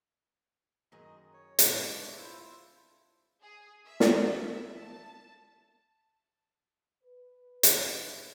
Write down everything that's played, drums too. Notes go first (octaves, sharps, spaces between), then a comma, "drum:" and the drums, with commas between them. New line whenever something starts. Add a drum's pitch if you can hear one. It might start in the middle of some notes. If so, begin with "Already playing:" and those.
F#2 D#3 G#4 D#5 A#6
C#5
A2 D#3 G#3 C4 E4, drum: hi-hat
A3 D4 B4
E4 F4 C5
G#4
E5
drum: snare
E5
A5
B4
B3 E4, drum: hi-hat